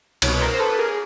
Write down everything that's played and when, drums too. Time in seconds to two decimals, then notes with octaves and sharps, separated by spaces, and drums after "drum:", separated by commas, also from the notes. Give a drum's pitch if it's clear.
0.22 C2 B2 B4 C#5, drum: cymbal
0.35 C#5
0.41 A#4 C5
0.54 C5
0.60 A4 B4
0.79 G#4 A#4